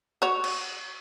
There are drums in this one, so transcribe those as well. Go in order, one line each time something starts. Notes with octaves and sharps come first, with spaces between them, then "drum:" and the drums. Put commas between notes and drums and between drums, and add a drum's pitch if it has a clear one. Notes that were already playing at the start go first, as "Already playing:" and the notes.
F#4 C#5
drum: cymbal